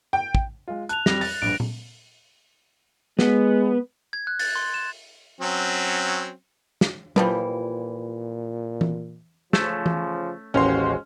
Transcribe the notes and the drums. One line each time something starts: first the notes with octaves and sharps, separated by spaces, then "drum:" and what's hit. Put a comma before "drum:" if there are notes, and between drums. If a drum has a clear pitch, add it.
G5
drum: kick
G#3 F4
A5 F#6 F7, drum: hi-hat
F2 G3 A#6 F7, drum: snare
A6, drum: open hi-hat
A#1 G2 D7
drum: tom A#2
G#3 B3, drum: snare
G#6
F#6
A6, drum: open hi-hat
C6
E7
F#3 C4 C#4
drum: snare
A#2 E3 F3 G3, drum: tom F#3
drum: tom E3
C#3 F3 A3 C#4 A5, drum: snare
drum: tom E3
A1 D#2 G#3 C#4 F#4 C5 A#5 C6